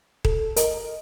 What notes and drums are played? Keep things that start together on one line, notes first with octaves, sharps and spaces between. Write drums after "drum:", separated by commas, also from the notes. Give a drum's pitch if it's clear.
A4, drum: kick D#1
A#4 D#5, drum: hi-hat